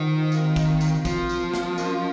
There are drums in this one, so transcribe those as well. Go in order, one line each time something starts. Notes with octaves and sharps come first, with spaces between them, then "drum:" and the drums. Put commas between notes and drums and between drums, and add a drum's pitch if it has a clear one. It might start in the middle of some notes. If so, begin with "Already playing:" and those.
Already playing: D#3 F4 C5 F#5
C4 F#4 A#4 F5, drum: tambourine
drum: kick, tambourine
drum: tambourine
F3, drum: kick, tambourine
drum: tambourine
drum: snare
C#4 F#4 A#4 D#5, drum: tambourine